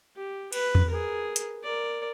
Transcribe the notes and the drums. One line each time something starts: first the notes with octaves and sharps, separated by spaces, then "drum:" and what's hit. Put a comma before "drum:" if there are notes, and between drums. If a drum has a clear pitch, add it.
G4
B4, drum: cymbal
drum: tom E2
G#4 A#4
drum: hi-hat
A#4 D5